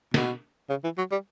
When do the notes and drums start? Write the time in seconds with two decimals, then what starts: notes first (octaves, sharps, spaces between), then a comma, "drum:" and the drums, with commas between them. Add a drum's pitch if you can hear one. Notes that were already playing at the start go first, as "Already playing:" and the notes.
0.14 B2, drum: snare
0.69 C#3
0.84 E3
0.98 F#3
1.12 G3